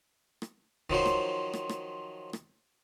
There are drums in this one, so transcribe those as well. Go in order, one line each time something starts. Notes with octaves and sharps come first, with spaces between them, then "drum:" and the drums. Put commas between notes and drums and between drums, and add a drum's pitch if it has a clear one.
drum: rim click
D#3 F3 F#3 C5, drum: kick
drum: rim click
drum: rim click
drum: rim click
drum: rim click